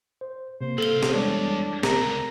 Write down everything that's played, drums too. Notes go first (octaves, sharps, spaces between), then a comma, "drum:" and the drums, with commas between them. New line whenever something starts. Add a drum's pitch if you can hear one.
C5
C3 A#3 C5
C2 A4 F5 G7
drum: snare
E2 G3 G#3 D4 C#5
C#2 D3 A#4 A#5, drum: snare